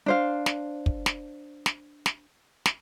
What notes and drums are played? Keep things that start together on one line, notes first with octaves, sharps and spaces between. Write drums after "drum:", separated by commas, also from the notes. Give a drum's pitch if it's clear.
D4 C5 F5
drum: snare
drum: kick
drum: snare
drum: snare
drum: snare
drum: snare